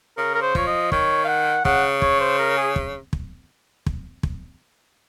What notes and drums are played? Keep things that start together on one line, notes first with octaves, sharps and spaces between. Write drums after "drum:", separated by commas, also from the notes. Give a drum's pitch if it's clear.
C#3 A#4
A#4
C5
F3 C#5, drum: kick
D#5
D#3 C#5, drum: kick
F5
F#5
C#3 F#5, drum: kick
C#5, drum: kick
C5
A#4
G#4
drum: kick
drum: kick
drum: kick
drum: kick